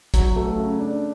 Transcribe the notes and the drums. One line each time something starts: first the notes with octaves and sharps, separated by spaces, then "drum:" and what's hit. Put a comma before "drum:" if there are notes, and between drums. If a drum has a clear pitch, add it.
F#3, drum: kick, hi-hat
A3
C#3
D4